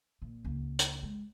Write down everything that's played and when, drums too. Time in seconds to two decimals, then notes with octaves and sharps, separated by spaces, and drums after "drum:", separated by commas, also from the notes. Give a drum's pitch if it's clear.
0.22 A#2
0.45 C#2 A#3
0.79 drum: hi-hat
1.03 G#3